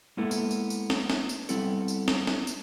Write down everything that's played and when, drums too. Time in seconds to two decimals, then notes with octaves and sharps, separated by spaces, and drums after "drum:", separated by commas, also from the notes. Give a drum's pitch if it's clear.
0.17 G#3 A#3 B3 E4 A4
0.31 drum: tambourine
0.51 drum: tambourine
0.70 drum: tambourine
0.90 drum: snare
1.10 drum: snare
1.29 drum: tambourine
1.49 G3 B3 C4 E4 A4, drum: tambourine
1.88 drum: tambourine
2.08 drum: snare
2.27 drum: snare
2.47 drum: tambourine